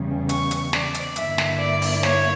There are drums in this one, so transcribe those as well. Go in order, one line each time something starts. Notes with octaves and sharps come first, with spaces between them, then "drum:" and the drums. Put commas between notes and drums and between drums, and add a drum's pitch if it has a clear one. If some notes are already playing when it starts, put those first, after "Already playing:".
Already playing: E2 C#3 G3
C#6, drum: hi-hat
drum: hi-hat
D5, drum: snare
drum: hi-hat
G2 D3 A#3 E4 E5, drum: hi-hat
drum: snare
D5
drum: open hi-hat
C#5, drum: snare